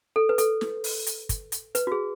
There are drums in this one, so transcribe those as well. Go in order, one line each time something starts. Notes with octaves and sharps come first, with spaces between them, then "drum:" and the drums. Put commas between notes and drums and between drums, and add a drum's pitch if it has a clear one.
A4
B4
A4, drum: hi-hat
drum: snare
drum: open hi-hat
drum: hi-hat
drum: kick, hi-hat
drum: hi-hat
B4, drum: hi-hat
F#4
G#4